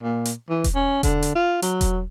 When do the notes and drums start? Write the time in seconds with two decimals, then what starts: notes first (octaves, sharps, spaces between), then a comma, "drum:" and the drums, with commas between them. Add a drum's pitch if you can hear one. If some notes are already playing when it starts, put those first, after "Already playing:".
0.03 A#2
0.25 drum: hi-hat
0.50 E3
0.64 drum: kick E1, hi-hat
0.75 C#4
1.03 D3, drum: kick E1, hi-hat
1.23 drum: hi-hat
1.35 F4
1.62 F#3, drum: hi-hat
1.81 drum: kick E1, hi-hat